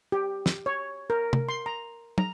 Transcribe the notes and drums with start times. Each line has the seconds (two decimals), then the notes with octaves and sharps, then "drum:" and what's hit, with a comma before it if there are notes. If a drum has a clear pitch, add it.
0.12 G4
0.46 drum: snare
0.66 C#5
1.10 A#4
1.33 drum: tom
1.49 C6
1.66 A#5
2.18 A#5, drum: tom